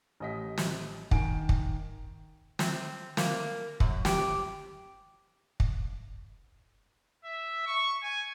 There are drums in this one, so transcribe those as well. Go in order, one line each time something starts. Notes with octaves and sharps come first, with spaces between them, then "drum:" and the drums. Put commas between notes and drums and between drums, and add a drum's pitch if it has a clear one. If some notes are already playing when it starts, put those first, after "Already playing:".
A1 D#5 B6
drum: snare
D#3 G#5 D7, drum: kick
drum: kick
C4, drum: snare
A#3, drum: snare
F#2, drum: kick
G4, drum: snare
drum: kick
E5
C#6
G#5